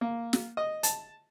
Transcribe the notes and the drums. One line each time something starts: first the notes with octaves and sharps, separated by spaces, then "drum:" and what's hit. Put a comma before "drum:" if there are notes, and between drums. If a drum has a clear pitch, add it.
A#3
drum: snare
D#5
A5, drum: hi-hat